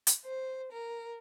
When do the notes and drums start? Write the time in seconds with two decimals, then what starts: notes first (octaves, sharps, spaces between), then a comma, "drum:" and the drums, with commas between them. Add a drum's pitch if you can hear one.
0.07 drum: hi-hat
0.23 C5
0.72 A#4